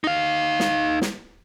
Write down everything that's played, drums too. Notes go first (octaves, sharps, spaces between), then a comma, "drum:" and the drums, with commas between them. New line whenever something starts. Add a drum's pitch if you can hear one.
D#4 F5
drum: snare
drum: snare